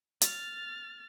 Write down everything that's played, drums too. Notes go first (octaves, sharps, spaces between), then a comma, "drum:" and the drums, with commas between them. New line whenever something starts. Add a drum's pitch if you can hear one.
F6 A6, drum: hi-hat